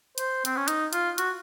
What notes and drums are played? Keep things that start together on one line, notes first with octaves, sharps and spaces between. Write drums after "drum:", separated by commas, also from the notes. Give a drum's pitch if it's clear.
C5, drum: hi-hat
C4, drum: hi-hat
C#4
D#4, drum: hi-hat
F4, drum: hi-hat
F#4, drum: hi-hat